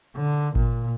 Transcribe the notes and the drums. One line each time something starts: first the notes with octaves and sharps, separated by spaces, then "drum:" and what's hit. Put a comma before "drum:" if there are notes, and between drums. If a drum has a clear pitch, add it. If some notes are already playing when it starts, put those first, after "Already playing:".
D3
A#2, drum: kick G#1